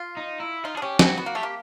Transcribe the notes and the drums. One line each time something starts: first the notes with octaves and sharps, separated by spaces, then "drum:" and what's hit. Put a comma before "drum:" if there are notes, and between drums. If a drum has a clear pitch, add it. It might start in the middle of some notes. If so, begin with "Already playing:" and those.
Already playing: F4
D#4
E4
D#4 F4
G#4
D4
C#4 G4
C4 F#4, drum: snare
B3 F#4
A#3
A3 G4
A#3